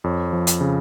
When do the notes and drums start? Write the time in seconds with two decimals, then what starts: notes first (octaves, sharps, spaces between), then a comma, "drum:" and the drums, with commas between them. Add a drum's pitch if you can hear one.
0.04 F2 C#5
0.33 F3
0.47 drum: hi-hat
0.61 C#3